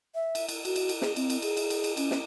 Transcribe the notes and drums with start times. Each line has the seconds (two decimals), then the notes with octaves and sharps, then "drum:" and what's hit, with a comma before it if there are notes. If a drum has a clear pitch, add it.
0.15 E5
0.35 drum: cymbal
0.49 drum: cymbal
0.65 F#4, drum: cymbal
0.76 drum: cymbal
0.89 drum: cymbal
1.02 G#4, drum: snare
1.16 C4, drum: cymbal
1.30 drum: cymbal
1.42 G#4, drum: cymbal
1.57 drum: cymbal
1.70 drum: cymbal
1.84 drum: cymbal
1.97 C#4, drum: cymbal
2.11 drum: snare